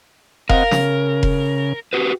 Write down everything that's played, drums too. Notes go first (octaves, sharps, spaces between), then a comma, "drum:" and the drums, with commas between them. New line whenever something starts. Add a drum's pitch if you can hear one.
C4 A#4 D#5 F5 F#5, drum: kick F1
C#3, drum: snare
drum: kick F1
F#4 G4 B4